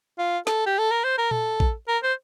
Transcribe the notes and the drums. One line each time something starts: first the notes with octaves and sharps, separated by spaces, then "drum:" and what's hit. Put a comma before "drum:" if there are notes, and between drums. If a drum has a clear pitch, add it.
F4
A4, drum: snare
G4
A4
A#4
C5
A#4
A4, drum: tom A#2
drum: kick
A#4
C5